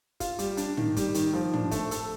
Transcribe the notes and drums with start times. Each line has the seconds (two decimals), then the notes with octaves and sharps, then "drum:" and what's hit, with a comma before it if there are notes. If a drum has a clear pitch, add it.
0.20 F4, drum: kick F#1, hi-hat
0.39 G3, drum: hi-hat
0.57 D4, drum: hi-hat
0.77 D#3, drum: tom
0.96 G3, drum: kick F#1, hi-hat
1.14 D#3, drum: hi-hat
1.33 F3
1.54 D4, drum: tom
1.71 A3, drum: kick F#1, hi-hat
1.91 A4, drum: hi-hat